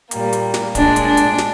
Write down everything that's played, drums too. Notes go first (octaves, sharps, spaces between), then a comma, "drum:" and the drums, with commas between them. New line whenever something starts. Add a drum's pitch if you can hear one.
A#2 G3 A#3, drum: hi-hat
drum: hi-hat
drum: snare
A#2 G#3 D4, drum: kick, hi-hat
drum: hi-hat
D4
drum: hi-hat
drum: snare